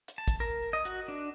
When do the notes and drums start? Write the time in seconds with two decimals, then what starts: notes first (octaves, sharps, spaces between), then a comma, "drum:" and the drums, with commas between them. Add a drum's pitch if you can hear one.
0.08 drum: hi-hat
0.18 A5
0.28 drum: kick, hi-hat
0.40 A#4
0.73 D#5
0.85 F#4, drum: hi-hat
1.08 D4